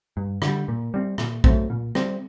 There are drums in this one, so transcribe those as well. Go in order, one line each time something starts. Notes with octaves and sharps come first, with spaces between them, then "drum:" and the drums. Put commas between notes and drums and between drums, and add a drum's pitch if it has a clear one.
G2
D3, drum: rim click
G3
A#2
G3 C4
A#2, drum: rim click
F#3 A3 C4, drum: kick A#1
A#2
G3 C4, drum: rim click